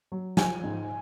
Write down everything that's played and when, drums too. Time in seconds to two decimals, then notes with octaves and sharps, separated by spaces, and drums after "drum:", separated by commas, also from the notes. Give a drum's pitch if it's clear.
0.12 F#3
0.37 F3 G#5, drum: snare
0.63 G#2